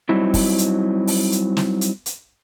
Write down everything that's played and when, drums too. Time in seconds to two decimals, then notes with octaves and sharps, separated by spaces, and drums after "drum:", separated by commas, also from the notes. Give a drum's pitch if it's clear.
0.09 F#3 G3 C4 D#4 E4
0.34 drum: kick, open hi-hat
0.58 drum: hi-hat
1.07 drum: open hi-hat
1.32 drum: hi-hat
1.57 drum: snare
1.81 drum: hi-hat
2.06 drum: hi-hat